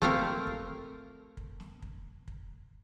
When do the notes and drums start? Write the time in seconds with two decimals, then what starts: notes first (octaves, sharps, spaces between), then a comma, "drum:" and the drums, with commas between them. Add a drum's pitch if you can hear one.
0.02 A3 A#3 C4 A#4 E5 F5, drum: kick
0.47 drum: kick
1.37 drum: kick
1.60 drum: snare
1.82 drum: kick
2.28 drum: kick